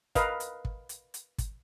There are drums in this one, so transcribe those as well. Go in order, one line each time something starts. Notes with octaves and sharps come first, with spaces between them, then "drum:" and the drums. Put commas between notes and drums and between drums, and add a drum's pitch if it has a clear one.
A#4 B4 D#5 F5, drum: kick, hi-hat
drum: hi-hat
drum: kick
drum: hi-hat
drum: hi-hat
drum: kick, hi-hat